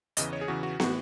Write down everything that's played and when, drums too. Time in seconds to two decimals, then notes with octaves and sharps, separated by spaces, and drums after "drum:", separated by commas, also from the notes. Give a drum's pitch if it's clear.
0.17 E2 C#3 E3 D#5, drum: hi-hat
0.33 C#5
0.41 G#4
0.48 E2 C#3 E3 F#4
0.63 F#4
0.80 A2 E3 F#4, drum: snare